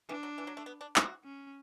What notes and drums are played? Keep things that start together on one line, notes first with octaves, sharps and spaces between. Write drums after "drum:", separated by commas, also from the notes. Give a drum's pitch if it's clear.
E3 D4
F#3
E3
F#3
A3
B3
D4
F#4, drum: clap
C#4